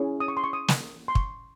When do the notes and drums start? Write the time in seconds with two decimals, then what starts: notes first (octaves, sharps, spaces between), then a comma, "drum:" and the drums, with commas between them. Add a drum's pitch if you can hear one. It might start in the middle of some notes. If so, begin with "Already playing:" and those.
Already playing: C#4 E4 G#4
0.20 D#6
0.28 C#6
0.37 C6
0.44 C#6
0.53 D#6
0.68 drum: snare
1.08 C6
1.15 C#6, drum: kick